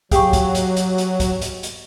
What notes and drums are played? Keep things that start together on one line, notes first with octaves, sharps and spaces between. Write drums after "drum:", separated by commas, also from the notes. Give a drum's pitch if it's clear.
F#3 G4 G#4 F5 G5 C#6, drum: kick, hi-hat
drum: kick, hi-hat
drum: hi-hat
drum: hi-hat
drum: hi-hat
drum: kick, hi-hat
drum: hi-hat
drum: hi-hat